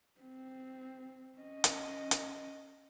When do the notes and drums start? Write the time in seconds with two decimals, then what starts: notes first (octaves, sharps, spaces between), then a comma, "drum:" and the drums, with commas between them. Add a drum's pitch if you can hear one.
0.20 C4
1.39 C#4 D#5
1.64 drum: hi-hat
2.11 drum: hi-hat